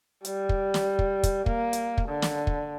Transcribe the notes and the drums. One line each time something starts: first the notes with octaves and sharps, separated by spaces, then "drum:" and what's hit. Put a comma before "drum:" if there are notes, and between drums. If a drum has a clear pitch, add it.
G3, drum: hi-hat
drum: kick
drum: snare
drum: kick
drum: kick, hi-hat
A#3, drum: kick
drum: hi-hat
drum: kick
D3
drum: snare
drum: kick